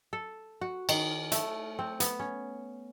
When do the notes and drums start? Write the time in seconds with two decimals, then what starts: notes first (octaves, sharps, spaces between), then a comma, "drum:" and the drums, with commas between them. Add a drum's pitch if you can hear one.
0.13 A4
0.61 F#4
0.89 D#3, drum: cymbal
1.32 A3, drum: hi-hat
1.79 C4
2.00 B3, drum: hi-hat
2.20 C#4